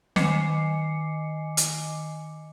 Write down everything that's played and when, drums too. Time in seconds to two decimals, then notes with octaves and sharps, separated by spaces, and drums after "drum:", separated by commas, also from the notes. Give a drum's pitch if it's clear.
0.16 D#3 D#5 G#5 D6 C7 C#7, drum: snare
1.57 drum: hi-hat